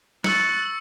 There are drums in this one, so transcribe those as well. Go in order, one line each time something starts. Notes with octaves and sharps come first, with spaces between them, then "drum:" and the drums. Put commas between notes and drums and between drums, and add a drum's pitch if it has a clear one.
C#6 E6 F#6 A6 C#7, drum: snare